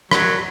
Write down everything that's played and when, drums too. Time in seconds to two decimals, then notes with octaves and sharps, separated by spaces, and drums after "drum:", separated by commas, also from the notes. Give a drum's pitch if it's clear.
0.11 F#3, drum: rim click